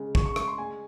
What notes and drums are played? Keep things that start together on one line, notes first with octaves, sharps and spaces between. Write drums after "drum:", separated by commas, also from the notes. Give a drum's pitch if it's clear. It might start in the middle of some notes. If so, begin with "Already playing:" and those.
Already playing: C#3 G#3
C#3 C#6, drum: kick
C#6
G#3 C#6, drum: rim click
C6
G#3 G#5